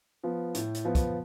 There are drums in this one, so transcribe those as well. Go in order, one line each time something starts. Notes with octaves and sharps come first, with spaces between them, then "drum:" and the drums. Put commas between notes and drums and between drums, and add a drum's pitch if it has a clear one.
F3 B3
A2, drum: hi-hat
drum: hi-hat
F3 B3
drum: kick, hi-hat